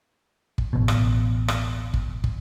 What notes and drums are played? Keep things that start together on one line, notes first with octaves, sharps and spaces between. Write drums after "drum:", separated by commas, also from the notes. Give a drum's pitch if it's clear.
drum: kick
D1 A1 B2
drum: rim click
drum: rim click
drum: kick
drum: kick